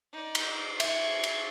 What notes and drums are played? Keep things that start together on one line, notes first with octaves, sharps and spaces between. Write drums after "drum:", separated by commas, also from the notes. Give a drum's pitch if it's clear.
D#4 D5
drum: cymbal
E5 G#6 C#7, drum: cymbal
drum: cymbal